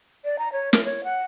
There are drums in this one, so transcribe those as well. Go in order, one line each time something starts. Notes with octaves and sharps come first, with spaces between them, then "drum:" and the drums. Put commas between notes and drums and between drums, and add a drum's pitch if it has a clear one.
D5
A#5
C#5
A#4, drum: snare
C#5
F#5